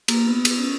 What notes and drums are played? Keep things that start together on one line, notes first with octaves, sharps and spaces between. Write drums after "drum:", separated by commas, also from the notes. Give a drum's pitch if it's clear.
A#3, drum: cymbal
B3
B3, drum: cymbal
C#4